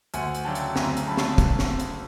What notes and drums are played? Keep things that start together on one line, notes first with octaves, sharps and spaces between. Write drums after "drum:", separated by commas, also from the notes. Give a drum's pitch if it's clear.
D2 F#5 G#5, drum: hi-hat
drum: hi-hat
C#3 F#3 A3 D4 G5 A5
drum: hi-hat
D2 G#5 A#5, drum: snare
drum: hi-hat
C#3 F#3 A3 D4 A5 B5
drum: snare
drum: kick, hi-hat
drum: snare
drum: hi-hat